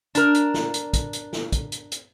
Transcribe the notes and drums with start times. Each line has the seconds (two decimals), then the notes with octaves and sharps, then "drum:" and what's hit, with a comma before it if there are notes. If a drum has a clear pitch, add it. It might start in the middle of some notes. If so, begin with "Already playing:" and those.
0.15 D4 A#4, drum: hi-hat
0.35 drum: hi-hat
0.54 drum: snare
0.74 drum: hi-hat
0.93 drum: kick, hi-hat
1.13 drum: hi-hat
1.33 drum: snare
1.52 drum: kick, hi-hat
1.72 drum: hi-hat
1.92 drum: hi-hat